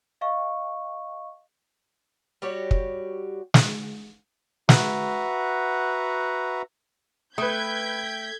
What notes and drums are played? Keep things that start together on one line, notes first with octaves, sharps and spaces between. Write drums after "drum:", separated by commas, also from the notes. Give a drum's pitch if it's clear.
D#5 F5 C#6
G3 F#4 G4 C#5
drum: kick
drum: snare
F#4 B4 E5 F#5 A#5, drum: snare
A3 B4 G5 D#6 G6 G#6 B6